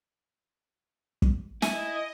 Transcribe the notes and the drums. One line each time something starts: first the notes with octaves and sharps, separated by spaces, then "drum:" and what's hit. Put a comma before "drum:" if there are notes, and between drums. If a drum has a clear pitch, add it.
drum: kick
E4 D#5 G#5, drum: snare